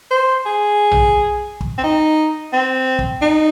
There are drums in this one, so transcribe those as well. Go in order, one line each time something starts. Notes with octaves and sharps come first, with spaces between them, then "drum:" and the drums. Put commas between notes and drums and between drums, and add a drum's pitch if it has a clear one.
C5
G#4
drum: tom A#1
drum: kick
C4
D#4
C4
drum: kick
D#4